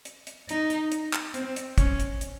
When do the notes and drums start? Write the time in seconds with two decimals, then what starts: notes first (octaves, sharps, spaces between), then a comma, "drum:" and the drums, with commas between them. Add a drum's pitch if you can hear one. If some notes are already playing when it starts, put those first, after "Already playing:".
0.05 drum: hi-hat
0.27 drum: hi-hat
0.49 D#4, drum: hi-hat
0.70 drum: hi-hat
0.92 drum: hi-hat
1.13 drum: clap
1.34 C4, drum: hi-hat
1.56 drum: hi-hat
1.78 C#4, drum: kick, hi-hat
2.00 drum: hi-hat
2.21 drum: hi-hat